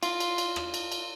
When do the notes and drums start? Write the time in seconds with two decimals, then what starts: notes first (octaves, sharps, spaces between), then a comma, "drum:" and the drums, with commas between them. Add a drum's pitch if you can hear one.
0.03 F4, drum: cymbal
0.20 drum: cymbal
0.38 drum: cymbal
0.56 drum: rim click
0.74 drum: cymbal
0.92 drum: cymbal